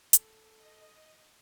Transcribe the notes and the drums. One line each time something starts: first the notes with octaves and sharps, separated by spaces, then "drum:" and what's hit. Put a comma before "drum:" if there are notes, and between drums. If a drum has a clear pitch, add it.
A4, drum: hi-hat
D#5